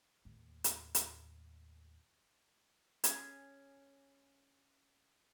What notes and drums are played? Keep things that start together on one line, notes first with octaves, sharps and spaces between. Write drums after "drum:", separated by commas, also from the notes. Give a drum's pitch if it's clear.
D#2 A2
drum: hi-hat
drum: hi-hat
C#4 G#4, drum: hi-hat